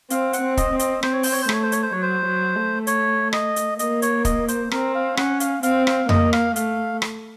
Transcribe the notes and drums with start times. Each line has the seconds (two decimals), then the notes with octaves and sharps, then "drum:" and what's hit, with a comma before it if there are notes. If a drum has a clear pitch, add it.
0.10 C4 F5, drum: hi-hat
0.33 F#5, drum: hi-hat
0.41 C4
0.57 D#5, drum: kick, hi-hat
0.73 C4
0.79 D#5, drum: hi-hat
1.03 C4 C5, drum: rim click
1.13 C#5
1.23 C5, drum: open hi-hat
1.32 C#5
1.42 C5
1.49 A3 C#5, drum: rim click
1.63 C5
1.72 C#5, drum: hi-hat
1.83 C5
1.92 F#3 C#5
2.02 C5
2.25 F#3
2.56 A3
2.87 C#5, drum: hi-hat
3.33 D#5, drum: rim click
3.56 drum: hi-hat
3.79 A#3 D#5, drum: hi-hat
4.02 C#5, drum: hi-hat
4.25 D#5, drum: kick, hi-hat
4.48 C5, drum: hi-hat
4.71 C4 A#4, drum: rim click
4.95 F5
5.17 C#4 F#5, drum: rim click
5.40 F5, drum: hi-hat
5.63 C4 F5, drum: hi-hat
5.87 F5, drum: rim click
6.09 A#3 D#5, drum: tom F2
6.33 F5, drum: rim click
6.56 A3 F5, drum: hi-hat
7.02 drum: rim click